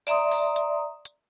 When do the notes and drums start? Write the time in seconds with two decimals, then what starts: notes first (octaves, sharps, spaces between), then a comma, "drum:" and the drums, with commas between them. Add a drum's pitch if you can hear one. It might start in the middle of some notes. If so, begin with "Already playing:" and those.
0.07 D5 E5 A#5 C6 D#6, drum: hi-hat
0.31 drum: open hi-hat
0.56 drum: hi-hat
1.05 drum: hi-hat